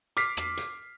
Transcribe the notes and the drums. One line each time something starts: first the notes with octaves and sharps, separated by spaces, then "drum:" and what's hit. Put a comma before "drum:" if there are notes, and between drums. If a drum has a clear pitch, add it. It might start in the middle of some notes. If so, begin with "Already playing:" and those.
D6 F6 B6 C7, drum: hi-hat
drum: rim click
drum: hi-hat